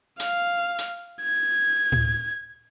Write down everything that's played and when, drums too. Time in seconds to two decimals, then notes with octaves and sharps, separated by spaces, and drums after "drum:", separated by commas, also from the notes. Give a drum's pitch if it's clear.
0.20 F5, drum: hi-hat
0.79 drum: hi-hat
1.22 G#6
1.92 drum: tom A2